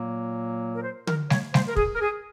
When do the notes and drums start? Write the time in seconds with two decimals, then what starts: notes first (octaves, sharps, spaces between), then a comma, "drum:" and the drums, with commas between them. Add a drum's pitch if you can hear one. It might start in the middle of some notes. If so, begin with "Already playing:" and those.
Already playing: A#2 F#3 A#3
0.74 A#4
0.83 C5
1.07 A#4, drum: tom D3
1.30 C#5, drum: snare G3
1.54 C5, drum: snare G3
1.68 A#4
1.76 G#4, drum: kick
1.95 A#4
2.01 G#4